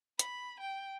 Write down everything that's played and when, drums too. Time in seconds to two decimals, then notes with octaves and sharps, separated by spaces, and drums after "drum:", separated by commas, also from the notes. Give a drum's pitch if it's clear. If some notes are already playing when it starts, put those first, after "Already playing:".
0.19 B5, drum: hi-hat
0.60 G5